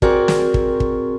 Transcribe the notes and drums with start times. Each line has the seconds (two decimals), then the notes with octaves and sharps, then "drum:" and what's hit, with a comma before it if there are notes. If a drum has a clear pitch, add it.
0.02 C4 F#4 G#4 A#4 D5, drum: kick
0.28 drum: snare
0.54 drum: kick
0.80 drum: kick